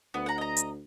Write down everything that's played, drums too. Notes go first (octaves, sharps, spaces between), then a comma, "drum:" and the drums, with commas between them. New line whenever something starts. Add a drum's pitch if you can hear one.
D2 B3
F#5 A#5
D#5 A#5
drum: hi-hat